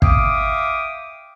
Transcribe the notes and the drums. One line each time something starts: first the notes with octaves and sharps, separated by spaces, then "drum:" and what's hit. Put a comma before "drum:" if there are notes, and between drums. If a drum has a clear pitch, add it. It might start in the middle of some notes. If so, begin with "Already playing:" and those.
E5 F5 G5 D6 D#6, drum: kick